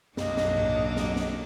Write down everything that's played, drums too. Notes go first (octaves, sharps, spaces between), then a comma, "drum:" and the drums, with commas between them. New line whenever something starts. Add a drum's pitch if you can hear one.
B1 F#2 F#3 A#3 D4 D#5, drum: snare
drum: snare
drum: tom G#2
drum: snare
drum: snare